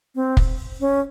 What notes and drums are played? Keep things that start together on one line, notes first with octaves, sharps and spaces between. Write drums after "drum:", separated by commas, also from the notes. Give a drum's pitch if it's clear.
C4
drum: kick
C#4